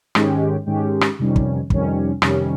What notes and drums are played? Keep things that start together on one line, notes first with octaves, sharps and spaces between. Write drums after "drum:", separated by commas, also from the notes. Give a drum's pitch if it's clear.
G#2 D#3 G#3 C#4 G4, drum: rim click
G#2 D#3 G#3 C#4 G4
drum: rim click
F2 C3 D#3 G3 C#4
drum: kick
F2 C3 D#3 G3 C#4, drum: kick
F2 C3 D#3 G3 C#4, drum: rim click